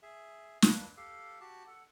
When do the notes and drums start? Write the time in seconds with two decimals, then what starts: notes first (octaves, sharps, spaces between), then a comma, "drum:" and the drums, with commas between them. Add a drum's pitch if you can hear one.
0.03 G#4 E5
0.62 A#3 D4 B4, drum: snare
0.97 G4 A4 F5
1.41 F#4 G4 A5
1.67 A4 F#5